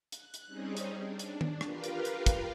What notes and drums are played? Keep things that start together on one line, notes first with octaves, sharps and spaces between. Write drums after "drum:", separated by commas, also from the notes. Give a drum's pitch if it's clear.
F#6, drum: hi-hat
drum: hi-hat
G3 C4 C#4 D#4 G#4
drum: hi-hat
D4
drum: hi-hat
drum: tom D#3
F4 G4 A#4 B4 F5, drum: rim click
drum: hi-hat
drum: hi-hat
drum: kick, hi-hat